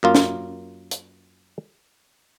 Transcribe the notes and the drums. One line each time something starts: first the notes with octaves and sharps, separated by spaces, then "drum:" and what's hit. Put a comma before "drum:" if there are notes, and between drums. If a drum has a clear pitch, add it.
F#2 A#3 F4
drum: snare
drum: hi-hat